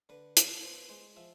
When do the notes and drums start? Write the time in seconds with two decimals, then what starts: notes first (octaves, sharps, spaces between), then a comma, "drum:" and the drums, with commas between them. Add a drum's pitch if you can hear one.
0.09 D3 B4
0.37 F4, drum: hi-hat
0.63 B3 C5
0.89 G#3 C5
1.16 F3 E5